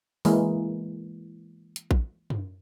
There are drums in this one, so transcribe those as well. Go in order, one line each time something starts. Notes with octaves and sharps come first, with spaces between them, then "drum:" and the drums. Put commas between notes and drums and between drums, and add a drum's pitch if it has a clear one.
E3 G#3 A#3, drum: open hi-hat
drum: hi-hat
drum: kick A#1
drum: tom F#2